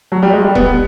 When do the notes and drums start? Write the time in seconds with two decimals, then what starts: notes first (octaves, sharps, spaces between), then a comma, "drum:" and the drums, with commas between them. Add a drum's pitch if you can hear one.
0.12 F#3
0.23 G3
0.33 G#3
0.44 G3
0.55 B3, drum: kick E1